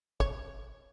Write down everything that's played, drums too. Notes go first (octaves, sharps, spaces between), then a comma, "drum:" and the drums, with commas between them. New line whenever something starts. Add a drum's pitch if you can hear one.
C#5, drum: kick